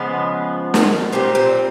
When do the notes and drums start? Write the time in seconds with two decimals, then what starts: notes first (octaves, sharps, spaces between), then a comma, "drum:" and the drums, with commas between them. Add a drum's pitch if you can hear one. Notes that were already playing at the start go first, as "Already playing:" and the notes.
Already playing: C#3 F3 G#3 B3
0.74 drum: snare
1.12 A#2 G3 C4
1.35 C4